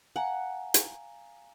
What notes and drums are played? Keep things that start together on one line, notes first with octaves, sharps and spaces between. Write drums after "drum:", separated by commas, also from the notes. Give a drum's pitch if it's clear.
F5 F#5 G#5 A#5
drum: hi-hat